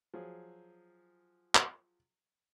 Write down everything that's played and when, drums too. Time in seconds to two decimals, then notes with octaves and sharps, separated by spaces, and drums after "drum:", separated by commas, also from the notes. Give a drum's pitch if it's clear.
0.14 F3 F#3 G#4
1.55 drum: clap